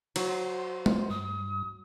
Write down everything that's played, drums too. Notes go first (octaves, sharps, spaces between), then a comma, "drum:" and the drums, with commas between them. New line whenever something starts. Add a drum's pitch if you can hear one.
F#3 F#4 C5, drum: cymbal
drum: tom G#3
G2 D#6